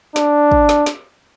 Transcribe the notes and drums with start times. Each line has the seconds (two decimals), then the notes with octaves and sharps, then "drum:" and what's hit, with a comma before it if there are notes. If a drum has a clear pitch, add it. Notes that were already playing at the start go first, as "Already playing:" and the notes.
0.16 D4, drum: snare
0.51 drum: kick
0.69 drum: snare
0.86 drum: snare